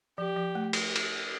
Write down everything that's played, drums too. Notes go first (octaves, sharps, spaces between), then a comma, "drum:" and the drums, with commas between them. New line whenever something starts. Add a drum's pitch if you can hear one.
F3 G4
F3
A3
drum: cymbal
drum: cymbal